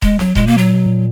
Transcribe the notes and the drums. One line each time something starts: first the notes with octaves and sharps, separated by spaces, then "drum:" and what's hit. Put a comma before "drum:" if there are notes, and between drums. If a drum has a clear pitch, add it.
G#3, drum: kick D#1
F#3, drum: snare
A#2 G#3, drum: kick D#1
B2 A#3
A#2 F#3
B2
A#2